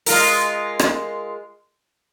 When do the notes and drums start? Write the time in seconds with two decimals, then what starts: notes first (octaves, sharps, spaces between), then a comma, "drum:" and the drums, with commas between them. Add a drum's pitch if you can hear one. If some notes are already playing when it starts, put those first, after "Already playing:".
0.06 G#3 F4 A#4, drum: open hi-hat
0.79 drum: rim click